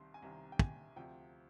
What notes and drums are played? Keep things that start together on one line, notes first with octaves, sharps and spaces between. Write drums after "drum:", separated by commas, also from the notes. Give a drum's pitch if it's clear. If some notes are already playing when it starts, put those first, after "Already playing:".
Already playing: C2 C3 D#3 C6
G#5
C2 C3 D#3 A#5
G5
G#5, drum: kick
D2 C3 F3 G5